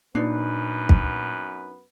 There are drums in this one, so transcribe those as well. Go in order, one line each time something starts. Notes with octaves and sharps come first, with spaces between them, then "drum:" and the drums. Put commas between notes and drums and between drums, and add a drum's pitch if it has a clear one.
F#2 A#2 B3 D4 D#4 B4
drum: kick